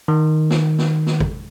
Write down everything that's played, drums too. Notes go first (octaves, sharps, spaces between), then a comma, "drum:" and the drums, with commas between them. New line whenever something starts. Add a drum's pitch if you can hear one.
D#3
drum: snare
drum: snare
drum: snare
drum: kick